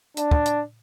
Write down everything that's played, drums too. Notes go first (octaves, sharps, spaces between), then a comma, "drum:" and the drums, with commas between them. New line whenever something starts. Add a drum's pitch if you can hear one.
D4, drum: hi-hat
drum: kick
drum: hi-hat